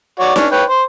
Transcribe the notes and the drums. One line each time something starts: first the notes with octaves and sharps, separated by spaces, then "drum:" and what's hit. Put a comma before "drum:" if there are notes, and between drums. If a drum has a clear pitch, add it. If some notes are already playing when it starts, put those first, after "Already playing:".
F#4 C#5 D5
C#4 D4, drum: snare D#4
B4 C#5 G5
C5